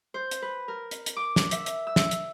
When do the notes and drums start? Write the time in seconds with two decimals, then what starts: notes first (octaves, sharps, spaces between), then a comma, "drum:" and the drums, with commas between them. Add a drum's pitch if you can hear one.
0.14 C5
0.31 drum: hi-hat
0.42 B4
0.68 A#4
0.91 drum: hi-hat
1.06 drum: hi-hat
1.16 D6
1.36 drum: snare
1.51 E5, drum: hi-hat
1.66 drum: hi-hat
1.87 E6
1.96 drum: snare
2.11 drum: hi-hat